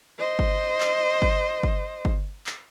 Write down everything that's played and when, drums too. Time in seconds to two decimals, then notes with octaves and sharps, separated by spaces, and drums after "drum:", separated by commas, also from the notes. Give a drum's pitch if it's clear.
0.18 C5 D#5
0.39 drum: kick G1
0.80 drum: clap
1.22 drum: kick G1
1.63 drum: kick G1
2.05 drum: kick G1
2.46 drum: clap